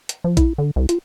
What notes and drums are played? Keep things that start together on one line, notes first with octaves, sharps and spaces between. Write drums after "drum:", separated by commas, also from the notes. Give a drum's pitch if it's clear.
drum: hi-hat
F3
E4, drum: kick, hi-hat
D3
C2
F4, drum: hi-hat